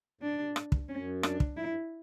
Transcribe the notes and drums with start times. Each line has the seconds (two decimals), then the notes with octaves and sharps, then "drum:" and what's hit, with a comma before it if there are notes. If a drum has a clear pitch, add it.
0.21 A2 D4
0.30 G#2
0.39 C3
0.46 A#2
0.56 A2, drum: rim click
0.72 G2, drum: kick
0.89 F#2 C#4
1.23 D4, drum: rim click
1.40 drum: kick
1.57 A#2 E4
1.68 G2